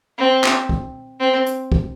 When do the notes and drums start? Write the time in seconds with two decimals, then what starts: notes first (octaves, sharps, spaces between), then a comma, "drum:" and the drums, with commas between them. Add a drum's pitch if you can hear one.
0.18 C4
0.44 drum: clap
0.69 drum: kick
1.20 C4
1.46 drum: hi-hat
1.72 drum: kick